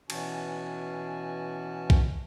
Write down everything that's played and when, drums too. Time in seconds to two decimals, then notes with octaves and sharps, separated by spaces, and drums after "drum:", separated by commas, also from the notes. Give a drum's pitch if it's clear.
0.10 B2 E3 C#4 F#4 G#5 A5, drum: cymbal
1.90 drum: kick B1